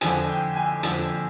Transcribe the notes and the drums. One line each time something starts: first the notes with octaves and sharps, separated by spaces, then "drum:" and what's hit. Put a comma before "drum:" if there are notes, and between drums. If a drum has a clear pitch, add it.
F2 D3 F3 G#5, drum: hi-hat
G5
G#5
F2 D3 F3 A5, drum: hi-hat